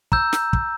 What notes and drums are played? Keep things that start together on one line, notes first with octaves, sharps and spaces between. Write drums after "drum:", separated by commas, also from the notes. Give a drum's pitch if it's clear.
A#5 E6 G6, drum: kick
drum: snare
drum: kick